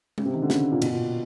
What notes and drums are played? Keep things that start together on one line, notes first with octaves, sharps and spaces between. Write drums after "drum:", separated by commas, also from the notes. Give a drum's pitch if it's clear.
C#3, drum: tom G#3
C3
D#3
D3
C#3, drum: snare
A#2
B2, drum: cymbal
A#2